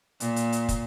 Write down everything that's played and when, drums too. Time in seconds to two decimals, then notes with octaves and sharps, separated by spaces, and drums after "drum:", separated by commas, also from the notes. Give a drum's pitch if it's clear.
0.20 A#2, drum: hi-hat
0.36 drum: hi-hat
0.52 drum: hi-hat
0.69 drum: kick, hi-hat